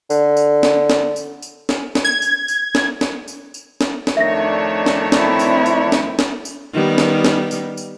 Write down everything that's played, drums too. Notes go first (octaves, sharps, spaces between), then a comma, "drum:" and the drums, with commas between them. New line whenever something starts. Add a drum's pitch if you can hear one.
D3, drum: tambourine
drum: tambourine
drum: snare
drum: snare
drum: tambourine
drum: tambourine
drum: snare
drum: snare
G#6
drum: tambourine
drum: tambourine
drum: snare
drum: snare
drum: tambourine
drum: tambourine
drum: snare
drum: snare
F2 D#3 A3 D4 C#5 E5 A#6
drum: snare
C4 E4, drum: snare
drum: tambourine
drum: tambourine
drum: snare
drum: snare
drum: tambourine
D#3 G3 B3
drum: snare
drum: snare
drum: tambourine
drum: tambourine